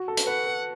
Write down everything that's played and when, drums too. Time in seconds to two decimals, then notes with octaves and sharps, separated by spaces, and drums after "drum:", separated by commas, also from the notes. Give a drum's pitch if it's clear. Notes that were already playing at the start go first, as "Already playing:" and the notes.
Already playing: F#4
0.08 A4
0.17 drum: hi-hat
0.27 B4 F#5
0.46 B4